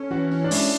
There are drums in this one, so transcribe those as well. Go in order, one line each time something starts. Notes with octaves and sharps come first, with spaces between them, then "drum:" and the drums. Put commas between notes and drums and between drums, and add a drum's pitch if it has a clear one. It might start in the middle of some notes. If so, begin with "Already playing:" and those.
Already playing: C#4 A4
E3 F#4
C#4
D4
G#3 E4, drum: open hi-hat